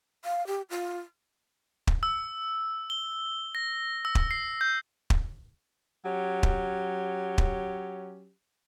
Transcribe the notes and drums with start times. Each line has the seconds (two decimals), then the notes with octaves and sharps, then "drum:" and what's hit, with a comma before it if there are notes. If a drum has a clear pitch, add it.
0.25 F5
0.47 G4
0.70 F4
1.87 drum: kick
2.03 E6
2.90 G7
3.55 A#6
4.05 E6
4.15 drum: kick
4.31 C7
4.61 G6
5.10 drum: kick
6.05 F#3 C#4 G4
6.43 drum: kick
7.38 drum: kick